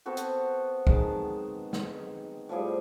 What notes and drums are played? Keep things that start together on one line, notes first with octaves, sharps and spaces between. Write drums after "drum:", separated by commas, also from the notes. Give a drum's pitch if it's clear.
B3 C4 F#4 A4
drum: hi-hat
D#3 G#3 A5, drum: kick
drum: snare
A2 F3 G3 G#4